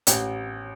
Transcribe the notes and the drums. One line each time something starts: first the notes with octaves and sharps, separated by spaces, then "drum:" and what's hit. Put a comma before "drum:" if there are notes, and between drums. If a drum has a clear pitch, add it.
A1 G5, drum: hi-hat